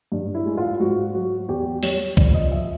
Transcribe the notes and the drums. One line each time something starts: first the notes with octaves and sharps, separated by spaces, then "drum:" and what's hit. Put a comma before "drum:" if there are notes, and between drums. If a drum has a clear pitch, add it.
G2
E4
G#3
F4
G#2 F#4
F#3 F#4
E2 G4
G3 C#5, drum: open hi-hat
F2 D5, drum: kick
D#5
F3 E5